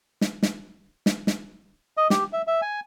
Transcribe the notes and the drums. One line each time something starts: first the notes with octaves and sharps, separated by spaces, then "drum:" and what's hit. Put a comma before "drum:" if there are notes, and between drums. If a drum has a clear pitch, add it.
drum: snare
drum: snare
drum: snare
drum: snare
D#5
G4, drum: snare
E5
E5
G#5